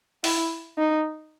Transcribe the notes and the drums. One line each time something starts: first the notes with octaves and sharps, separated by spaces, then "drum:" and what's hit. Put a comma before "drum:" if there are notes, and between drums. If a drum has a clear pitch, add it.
E4, drum: open hi-hat
D#4